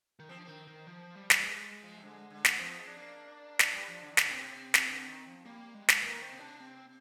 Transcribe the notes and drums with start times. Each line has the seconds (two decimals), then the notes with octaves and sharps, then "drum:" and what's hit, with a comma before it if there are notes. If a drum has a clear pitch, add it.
0.19 D#3
0.29 F3 C4
0.37 D4
0.45 D#3 C4
0.67 D#3
0.87 F3
1.16 G3
1.30 drum: snare
1.40 G3
1.44 G#3
1.83 F3
1.97 C3
2.02 D3
2.30 D3
2.45 drum: snare
2.59 F3 C4
2.78 G#3
2.87 D4
2.97 A#3
3.59 drum: snare
3.73 G3
3.88 F3
4.02 D3
4.11 D#3
4.17 D3, drum: snare
4.30 C3 C4
4.74 drum: snare
4.88 D3
5.07 D#3
5.26 F3
5.45 G3 A#3
5.74 G#3
5.88 drum: snare
6.03 D#3 A#3
6.22 C4
6.32 C3
6.41 D4
6.60 C4